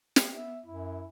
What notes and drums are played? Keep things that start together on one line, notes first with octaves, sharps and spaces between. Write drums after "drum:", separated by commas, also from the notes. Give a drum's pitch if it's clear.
drum: snare
B3 E5
F#2 E4